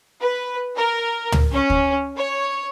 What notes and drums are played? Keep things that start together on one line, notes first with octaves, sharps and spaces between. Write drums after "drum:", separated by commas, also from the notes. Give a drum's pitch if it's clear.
B4
A#4
drum: tom
C#4
drum: kick
C#5